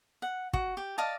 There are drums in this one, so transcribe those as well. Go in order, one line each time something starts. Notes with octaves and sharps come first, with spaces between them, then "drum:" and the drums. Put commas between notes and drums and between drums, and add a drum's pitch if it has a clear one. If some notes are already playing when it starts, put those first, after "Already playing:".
F#5
F#4, drum: kick
G4
D5 D#5 F5 A5